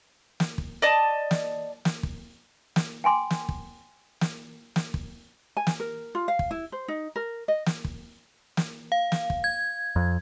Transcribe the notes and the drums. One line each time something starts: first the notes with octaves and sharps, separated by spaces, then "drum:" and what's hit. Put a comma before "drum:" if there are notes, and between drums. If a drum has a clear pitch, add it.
drum: snare
drum: kick
D5 D#5 A5
drum: snare
drum: snare
drum: kick
drum: snare
G5 G#5 C6 D6
drum: snare
drum: kick
drum: snare
drum: snare
drum: kick
G#5
drum: snare
A#4
F4
F5
drum: kick
E4
C5
D#4
A#4
D#5
drum: snare
drum: kick
drum: snare
F5
drum: snare
drum: kick
G#6
F2